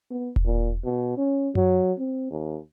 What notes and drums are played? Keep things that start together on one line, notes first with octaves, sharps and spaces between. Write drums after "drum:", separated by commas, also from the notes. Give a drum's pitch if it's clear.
B3
drum: kick E1
A#2
B2
C#4
F#3, drum: tom F#2
C4
D#2